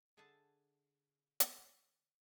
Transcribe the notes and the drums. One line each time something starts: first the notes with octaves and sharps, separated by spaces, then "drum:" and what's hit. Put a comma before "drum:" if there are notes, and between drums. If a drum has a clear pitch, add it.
D3 G#4 E5 F#5 A5
drum: hi-hat